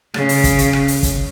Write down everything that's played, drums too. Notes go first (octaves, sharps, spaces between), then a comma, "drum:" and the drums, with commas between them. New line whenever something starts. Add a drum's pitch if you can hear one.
C#3, drum: rim click
drum: open hi-hat
drum: kick, hi-hat
drum: hi-hat
drum: rim click
drum: open hi-hat
drum: kick, hi-hat